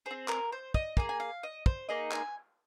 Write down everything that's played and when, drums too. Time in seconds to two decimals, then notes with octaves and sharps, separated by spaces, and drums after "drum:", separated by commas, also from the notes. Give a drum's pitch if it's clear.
0.06 C4 G#4 C5
0.28 A#4, drum: clap
0.52 C5
0.74 D#5, drum: kick
0.97 A#3 G#4 G#5, drum: kick
1.09 G#5
1.20 F5
1.43 D#5
1.66 C5, drum: kick
1.89 A#3 D#4 G#4 D#5
2.12 G#5, drum: clap